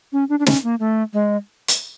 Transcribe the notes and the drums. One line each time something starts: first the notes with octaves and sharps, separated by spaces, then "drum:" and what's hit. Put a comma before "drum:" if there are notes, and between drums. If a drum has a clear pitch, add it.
C#4
D4
D4
C#4, drum: snare
A#3
A3
G#3
drum: hi-hat